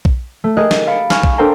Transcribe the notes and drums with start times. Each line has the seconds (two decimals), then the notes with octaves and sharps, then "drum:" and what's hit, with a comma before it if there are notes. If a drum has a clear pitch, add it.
0.05 drum: kick
0.44 A3
0.57 G4 G#4 A#4 D#5 F#6
0.71 drum: snare
0.87 F5 B5 A6 C#7 D7
1.10 G#5 C#6 F6, drum: snare
1.23 drum: kick
1.38 D4 A4 A#4 C5 G5 A#5